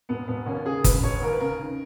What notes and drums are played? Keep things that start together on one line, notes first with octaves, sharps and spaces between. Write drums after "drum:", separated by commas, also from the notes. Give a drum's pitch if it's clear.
E1 B3
E1 B3
D#2 C#4
C#3 G#4
E1 B4, drum: kick G1, hi-hat
E1 C#5
D#2 A#4
B4
C#3 A#4
D#3